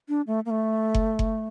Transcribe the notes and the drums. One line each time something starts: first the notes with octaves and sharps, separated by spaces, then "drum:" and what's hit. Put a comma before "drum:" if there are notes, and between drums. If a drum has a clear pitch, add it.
D4
A3
A#3
A3
drum: kick F#1
drum: kick F#1